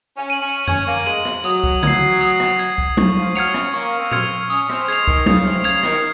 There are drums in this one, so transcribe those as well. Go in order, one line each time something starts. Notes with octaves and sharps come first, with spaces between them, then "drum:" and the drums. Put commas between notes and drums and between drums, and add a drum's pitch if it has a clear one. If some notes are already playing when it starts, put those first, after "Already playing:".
C#4
D#7 F#7
C#4
C#4 G#6, drum: tom F2
A#3
G#3 D#7 F#7
drum: rim click
F#3 D#6, drum: tambourine
drum: kick C2
G#6 C7, drum: tom C#3
D#6, drum: tambourine
drum: rim click
G#6 C7, drum: tambourine
drum: kick C2
C#3 C#6, drum: tom F#3
F3
F#3 F6 G#6 C#7 F7, drum: tambourine
C#4, drum: rim click
A#3 C#6, drum: tambourine
C4
F6 G#6 C#7 F7, drum: tom A#2
C#4 D#6, drum: tambourine
C4, drum: rim click
G#3 G#6 C7 F7, drum: tambourine
D#3, drum: kick C2
C#3 D#6, drum: tom F#3
C3
C#3 G#6 C7 F7, drum: tambourine
D#3, drum: rim click